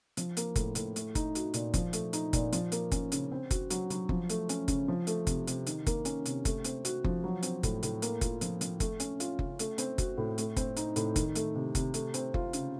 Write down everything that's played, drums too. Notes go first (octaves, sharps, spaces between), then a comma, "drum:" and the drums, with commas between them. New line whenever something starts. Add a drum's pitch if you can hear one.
F3, drum: hi-hat
A#3, drum: hi-hat
A2, drum: kick F#1, hi-hat
A2, drum: hi-hat
A3, drum: hi-hat
D#4, drum: kick F#1, hi-hat
F#4, drum: hi-hat
A#2, drum: hi-hat
F3, drum: kick F#1, hi-hat
A3, drum: hi-hat
D#4, drum: hi-hat
A#2, drum: kick F#1, hi-hat
F3, drum: hi-hat
A#3, drum: hi-hat
C#4, drum: kick F#1, hi-hat
C#3, drum: hi-hat
C4
F#4, drum: kick F#1, hi-hat
F#3, drum: hi-hat
F#3, drum: hi-hat
F3, drum: kick F#1
A3, drum: hi-hat
C#4, drum: hi-hat
C#3, drum: kick F#1, hi-hat
F3
A3, drum: hi-hat
C3, drum: kick F#1, hi-hat
C3, drum: hi-hat
D#3, drum: hi-hat
A#3, drum: kick F#1, hi-hat
C#4, drum: hi-hat
C3, drum: hi-hat
A3, drum: kick F#1, hi-hat
C4, drum: hi-hat
F#4, drum: hi-hat
F3, drum: kick F#1
F#3
C4, drum: hi-hat
A2, drum: kick F#1, hi-hat
A2, drum: hi-hat
A#3, drum: hi-hat
F4, drum: kick F#1, hi-hat
F3, drum: hi-hat
F3, drum: hi-hat
A3, drum: kick F#1, hi-hat
C#4, drum: hi-hat
F4, drum: hi-hat
C#3, drum: kick F#1
A3, drum: hi-hat
C4, drum: hi-hat
F#4, drum: kick F#1, hi-hat
A2
A3, drum: hi-hat
C4, drum: kick F#1, hi-hat
D#4, drum: hi-hat
A2, drum: hi-hat
D#3, drum: kick F#1, hi-hat
A3, drum: hi-hat
C3
C3, drum: kick F#1, hi-hat
A3, drum: hi-hat
C4, drum: hi-hat
F4, drum: kick F#1
C#3, drum: hi-hat